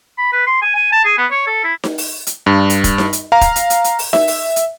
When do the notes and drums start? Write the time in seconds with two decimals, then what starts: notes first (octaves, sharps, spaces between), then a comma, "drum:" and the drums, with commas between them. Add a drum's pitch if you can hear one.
0.18 B5
0.33 B4
0.47 C6
0.62 G#5
0.75 G#5
0.93 A5
1.05 G#4
1.18 B3
1.31 C#5
1.47 A4
1.64 E4
1.84 drum: snare D#4
1.98 drum: open hi-hat
2.27 drum: hi-hat
2.46 G2
2.70 drum: hi-hat
2.84 drum: kick, hi-hat
2.98 drum: snare D#4
3.13 drum: hi-hat
3.32 F5 A#5
3.41 drum: kick, hi-hat
3.56 drum: hi-hat
3.70 drum: hi-hat
3.84 drum: hi-hat
3.99 drum: open hi-hat
4.13 E5, drum: snare D#4
4.27 drum: open hi-hat
4.56 drum: hi-hat